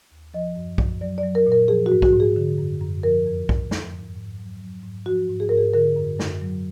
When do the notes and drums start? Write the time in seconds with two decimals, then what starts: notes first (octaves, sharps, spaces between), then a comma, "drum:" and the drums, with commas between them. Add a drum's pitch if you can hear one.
0.11 D#2
0.34 F3 D#5
0.56 F#2
0.78 F#2, drum: kick B1
1.01 F#3 D5
1.18 D5
1.23 F#3
1.35 A#4
1.47 A#2
1.52 A#4
1.68 F3 G#4
1.86 F#4
1.92 G#2
2.02 F#4, drum: kick B1
2.13 G#2
2.20 G#4
2.36 D3
2.58 F#2
2.81 F#2
3.03 F3 A#4
3.26 F2
3.49 F2, drum: kick B1
3.71 F3, drum: snare
3.94 G#2
4.16 G#2
4.39 F#3
4.61 F#3
4.83 G#2
5.06 F3 F#4
5.29 G#2
5.40 G#4
5.49 G#2 A#4
5.58 G#4
5.74 D3 A#4
5.96 F#2
6.19 F#2, drum: snare
6.41 F#3